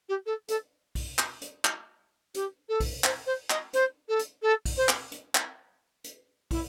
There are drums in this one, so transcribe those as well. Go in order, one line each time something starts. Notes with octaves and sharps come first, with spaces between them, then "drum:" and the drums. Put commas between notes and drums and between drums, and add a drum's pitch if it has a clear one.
G4
A4
A4, drum: hi-hat
drum: kick, open hi-hat
drum: clap
drum: hi-hat
drum: clap
G4, drum: hi-hat
A4
drum: kick, open hi-hat
C5, drum: clap
C5
D#5, drum: clap
C5, drum: hi-hat
A4
drum: hi-hat
A4
drum: kick, open hi-hat
C5
drum: clap
drum: hi-hat
drum: clap
drum: hi-hat
E4, drum: kick, open hi-hat